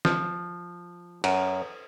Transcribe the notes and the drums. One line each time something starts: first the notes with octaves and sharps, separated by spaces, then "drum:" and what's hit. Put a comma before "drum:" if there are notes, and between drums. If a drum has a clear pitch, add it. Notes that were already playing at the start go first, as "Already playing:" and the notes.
F3, drum: snare
F#2, drum: cymbal